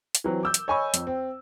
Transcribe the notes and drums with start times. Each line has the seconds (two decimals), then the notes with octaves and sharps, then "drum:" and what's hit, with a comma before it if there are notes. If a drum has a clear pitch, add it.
0.15 drum: hi-hat
0.24 E3 F#3 C4
0.43 D6 E6 G6
0.54 drum: hi-hat
0.68 C#5 D#5 G#5 B5 C#6
0.94 F2, drum: hi-hat
1.07 C4